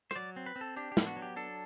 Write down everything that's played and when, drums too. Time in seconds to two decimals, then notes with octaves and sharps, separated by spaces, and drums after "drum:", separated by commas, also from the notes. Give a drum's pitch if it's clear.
0.11 C5, drum: rim click
0.16 F#3 D5
0.36 C4
0.46 B4
0.56 C4
0.61 A4
0.77 D4 G4
0.92 G4
0.97 B3, drum: snare
1.06 F#4
1.16 F#3
1.22 G4
1.36 D4 A4